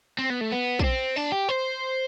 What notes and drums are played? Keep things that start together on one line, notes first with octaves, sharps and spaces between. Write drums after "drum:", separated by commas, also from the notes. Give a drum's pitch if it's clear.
C4
B3
A3
B3
D4, drum: kick
C4
D4
G4
C5